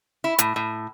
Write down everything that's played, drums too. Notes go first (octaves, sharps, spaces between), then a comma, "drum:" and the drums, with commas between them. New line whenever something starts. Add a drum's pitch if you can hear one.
E4
A2, drum: hi-hat
A2